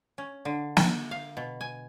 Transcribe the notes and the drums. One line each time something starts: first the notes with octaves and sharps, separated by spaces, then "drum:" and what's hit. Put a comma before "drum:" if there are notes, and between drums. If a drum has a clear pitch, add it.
C#4
D3
drum: snare
F5
B2
G#5